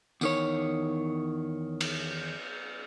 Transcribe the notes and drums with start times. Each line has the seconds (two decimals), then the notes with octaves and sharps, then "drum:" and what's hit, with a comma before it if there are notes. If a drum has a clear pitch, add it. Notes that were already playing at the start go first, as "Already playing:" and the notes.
0.21 E2 D#3 C#5, drum: tambourine
1.81 drum: cymbal